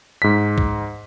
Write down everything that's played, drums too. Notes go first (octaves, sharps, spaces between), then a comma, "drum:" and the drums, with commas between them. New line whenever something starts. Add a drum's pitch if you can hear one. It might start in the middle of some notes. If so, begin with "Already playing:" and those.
G#2 B6
drum: kick